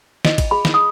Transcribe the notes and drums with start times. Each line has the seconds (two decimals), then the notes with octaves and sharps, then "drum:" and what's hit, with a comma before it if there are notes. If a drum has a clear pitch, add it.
0.25 F4 D#5, drum: snare
0.38 drum: kick G#1, cymbal
0.51 G#4 B5
0.65 drum: snare
0.74 D#6